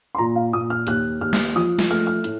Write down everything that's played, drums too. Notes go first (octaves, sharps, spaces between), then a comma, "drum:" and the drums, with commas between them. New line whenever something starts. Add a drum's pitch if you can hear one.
C6
A#2 A#5
F5
A#2 D#6
F6
D#2 F#6, drum: hi-hat
D#2 F6
drum: snare
F3 D#6
drum: snare
A3 F6
F6
A2, drum: hi-hat